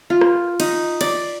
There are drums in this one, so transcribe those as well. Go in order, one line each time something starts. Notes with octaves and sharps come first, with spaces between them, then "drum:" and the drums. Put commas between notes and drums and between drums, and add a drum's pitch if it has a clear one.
F4
drum: rim click
D#4, drum: cymbal
D5, drum: cymbal